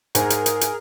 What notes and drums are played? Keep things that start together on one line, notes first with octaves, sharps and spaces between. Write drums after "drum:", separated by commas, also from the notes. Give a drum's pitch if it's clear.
G#2 G#4 A#4, drum: hi-hat
drum: hi-hat
drum: hi-hat
drum: hi-hat